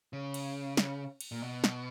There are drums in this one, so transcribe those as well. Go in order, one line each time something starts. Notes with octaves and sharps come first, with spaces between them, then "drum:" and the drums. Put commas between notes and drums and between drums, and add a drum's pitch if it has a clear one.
C#3
drum: cymbal
drum: snare
drum: cymbal
A#2
B2
drum: snare